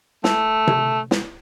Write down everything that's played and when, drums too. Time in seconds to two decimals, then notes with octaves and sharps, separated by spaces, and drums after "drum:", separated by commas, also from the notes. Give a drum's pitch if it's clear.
0.24 A3, drum: snare
0.67 drum: tom C3
1.11 drum: snare